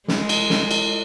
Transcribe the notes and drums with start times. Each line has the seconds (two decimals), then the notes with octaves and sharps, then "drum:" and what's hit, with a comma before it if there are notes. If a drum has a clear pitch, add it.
0.08 G#3, drum: snare
0.29 drum: cymbal
0.50 drum: snare
0.71 drum: cymbal